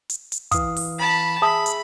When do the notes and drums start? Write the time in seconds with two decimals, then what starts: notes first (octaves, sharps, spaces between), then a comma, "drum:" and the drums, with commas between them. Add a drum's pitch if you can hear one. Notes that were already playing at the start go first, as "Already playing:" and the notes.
0.10 drum: hi-hat
0.32 drum: hi-hat
0.51 E3 F5 D#6, drum: kick, hi-hat
0.76 drum: open hi-hat
0.99 A5 B5
1.42 G#4 E5 A5 B5 D#6
1.66 drum: hi-hat